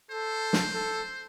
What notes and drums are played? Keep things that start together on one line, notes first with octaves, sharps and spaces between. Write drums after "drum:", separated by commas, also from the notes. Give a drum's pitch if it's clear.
A4 C5
drum: snare
A4